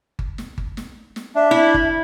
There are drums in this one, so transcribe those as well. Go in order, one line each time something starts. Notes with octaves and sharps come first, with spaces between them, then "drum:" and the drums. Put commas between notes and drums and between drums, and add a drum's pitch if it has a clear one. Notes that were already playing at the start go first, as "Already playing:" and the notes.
drum: kick G1
drum: snare
drum: kick G1
drum: snare
drum: snare
D4 E5
E4
drum: kick G1